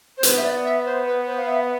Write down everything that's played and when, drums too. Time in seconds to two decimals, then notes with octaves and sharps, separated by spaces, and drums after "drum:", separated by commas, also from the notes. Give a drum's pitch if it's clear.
0.17 C5
0.23 B3 B4, drum: hi-hat
0.36 E5
0.43 D5
0.65 E5
0.85 C5
1.06 B4
1.26 C5
1.37 F5
1.46 E5